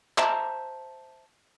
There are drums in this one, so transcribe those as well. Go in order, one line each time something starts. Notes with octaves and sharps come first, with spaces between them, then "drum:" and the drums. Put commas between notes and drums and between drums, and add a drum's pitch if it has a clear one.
C5 E5 A5 A#5, drum: clap